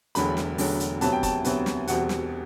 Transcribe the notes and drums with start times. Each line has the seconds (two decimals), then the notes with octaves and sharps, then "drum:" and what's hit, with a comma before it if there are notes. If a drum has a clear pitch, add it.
0.15 E1 E2 D3 F#3 A3 B5, drum: hi-hat
0.37 drum: snare
0.58 E1 E2 D3 F#3 A3, drum: open hi-hat
0.80 drum: hi-hat
1.01 D2 C3 F#3 B3 A5, drum: hi-hat
1.12 G5
1.23 A5, drum: kick, hi-hat
1.44 D2 C3 F#3 B3, drum: hi-hat
1.66 drum: snare
1.87 E1 E2 B2 G3 C4 F#5, drum: hi-hat
2.09 drum: snare